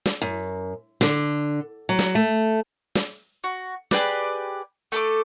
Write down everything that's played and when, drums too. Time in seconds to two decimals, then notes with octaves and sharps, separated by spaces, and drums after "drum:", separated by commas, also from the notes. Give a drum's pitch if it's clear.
0.06 drum: snare
0.22 F#2
1.01 D3, drum: snare
1.89 F#3
1.99 drum: snare
2.15 A3
2.95 drum: snare
3.44 F#4
3.91 G4 G#4 B4 D5, drum: snare
4.92 A3 A4 D6